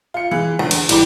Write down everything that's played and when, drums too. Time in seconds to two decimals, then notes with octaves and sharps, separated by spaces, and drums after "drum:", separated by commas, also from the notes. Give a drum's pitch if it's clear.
0.14 F4 C#7
0.31 E3 G#3
0.59 E2 D3
0.71 drum: cymbal
0.89 G#2 E3 G3, drum: cymbal